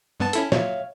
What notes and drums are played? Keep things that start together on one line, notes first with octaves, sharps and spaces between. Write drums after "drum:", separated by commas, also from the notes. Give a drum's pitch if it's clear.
G2 B3 A5
C#4 E4 A4, drum: hi-hat
A#2 F#3 C#5 E5 F5, drum: snare